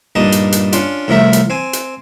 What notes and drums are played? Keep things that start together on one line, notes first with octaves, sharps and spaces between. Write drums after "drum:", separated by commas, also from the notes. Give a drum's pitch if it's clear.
G2 A#2 D#4 D#5 A5
drum: hi-hat
drum: hi-hat
C#4 D4 F4, drum: hi-hat
C2 A2 F3 A#4 E5
drum: hi-hat
C4 G#5
drum: hi-hat